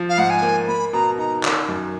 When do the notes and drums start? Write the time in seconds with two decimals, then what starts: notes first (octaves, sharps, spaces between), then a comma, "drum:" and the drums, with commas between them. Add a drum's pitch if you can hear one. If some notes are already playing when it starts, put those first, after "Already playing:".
Already playing: F3
0.09 F5
0.17 G#2 F#5
0.30 G#5
0.42 A#3
0.68 A#3 B5
0.93 B2 A#5
1.18 D#4 A#5
1.44 D#3, drum: clap
1.68 F#2